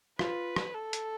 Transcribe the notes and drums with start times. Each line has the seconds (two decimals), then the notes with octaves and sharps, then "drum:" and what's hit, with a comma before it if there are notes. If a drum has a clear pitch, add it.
0.19 F4 B4, drum: rim click
0.56 drum: rim click
0.75 A4
0.93 drum: hi-hat